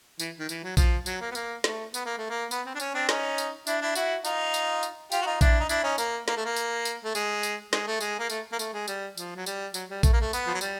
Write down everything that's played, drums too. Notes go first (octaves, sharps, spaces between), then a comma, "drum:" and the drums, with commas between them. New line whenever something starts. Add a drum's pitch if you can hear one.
E3, drum: tambourine
D#3
E3, drum: tambourine
F#3
F3, drum: kick A#1, tambourine
F#3, drum: tambourine
A#3
B3
A#3, drum: tambourine
A3, drum: snare
B3, drum: tambourine
A#3
A3
A#3
B3, drum: tambourine
C4
D4
C#4, drum: tambourine
C4 D4
C#4 D#4, drum: snare
drum: tambourine
D4 E4, drum: tambourine
D4 E4
E4 F#4, drum: tambourine
D#4 F4, drum: tambourine
drum: tambourine
drum: tambourine
F4 G4, drum: tambourine
F#4
D#4 F4
D4 E4, drum: kick A#1, tambourine
D#4
D4 E4, drum: tambourine
C#4 D#4
A#3, drum: tambourine
A#3, drum: snare
A3
A#3
drum: tambourine
drum: tambourine
A3
G#3, drum: tambourine
drum: tambourine
G#3, drum: snare
A3
G#3, drum: tambourine
A#3
A3, drum: tambourine
A#3
A3, drum: tambourine
G#3
G3, drum: tambourine
F3, drum: tambourine
F#3
G3, drum: tambourine
F#3, drum: tambourine
G3
A3, drum: kick A#1, tambourine
A#3
A3
B3, drum: tambourine
F3
F#3
G3, drum: tambourine